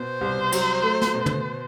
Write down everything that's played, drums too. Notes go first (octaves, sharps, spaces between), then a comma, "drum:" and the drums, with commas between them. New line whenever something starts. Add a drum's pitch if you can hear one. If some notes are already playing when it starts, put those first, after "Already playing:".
Already playing: B2 C5
C2
F#3, drum: cymbal
A3
drum: snare
B2
drum: tom